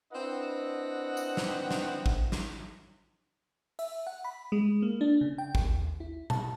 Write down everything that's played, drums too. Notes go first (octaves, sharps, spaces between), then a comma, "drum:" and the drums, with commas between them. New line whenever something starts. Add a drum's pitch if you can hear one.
C4 D4 E4 B4 D#5 F#5
drum: tambourine
drum: snare
drum: snare
drum: kick
drum: snare
E5, drum: open hi-hat
F#5
B5
G#3
A#3
D4
C#3
G5
D#2, drum: kick
E4
A5, drum: tom A#2